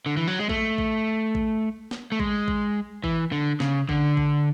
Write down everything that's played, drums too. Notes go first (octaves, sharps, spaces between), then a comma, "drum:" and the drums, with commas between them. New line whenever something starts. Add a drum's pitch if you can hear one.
D3
E3
F#3
G#3
A3, drum: kick A1
drum: kick A1
drum: kick A1
drum: snare
A3
G#3, drum: kick A1
drum: kick A1
E3, drum: kick A1
D3
C#3, drum: snare
D3, drum: kick A1
drum: kick A1